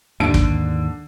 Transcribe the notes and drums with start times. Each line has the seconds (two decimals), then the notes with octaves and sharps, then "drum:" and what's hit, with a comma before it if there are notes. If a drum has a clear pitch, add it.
0.20 D#2 G#2 D3 D#3 A5 D7
0.34 drum: kick